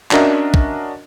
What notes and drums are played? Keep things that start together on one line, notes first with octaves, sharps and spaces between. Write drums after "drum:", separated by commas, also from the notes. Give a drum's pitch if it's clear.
C#4 D4 F#4 A#4 D#5 E5, drum: clap
drum: kick